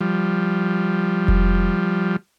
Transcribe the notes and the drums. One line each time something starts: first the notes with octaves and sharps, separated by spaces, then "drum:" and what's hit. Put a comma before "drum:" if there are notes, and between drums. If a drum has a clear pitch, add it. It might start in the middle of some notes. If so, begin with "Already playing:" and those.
F3 G3
drum: kick F1